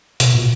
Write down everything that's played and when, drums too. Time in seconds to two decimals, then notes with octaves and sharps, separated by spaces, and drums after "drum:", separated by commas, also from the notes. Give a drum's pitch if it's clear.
0.20 B2, drum: hi-hat
0.34 A#2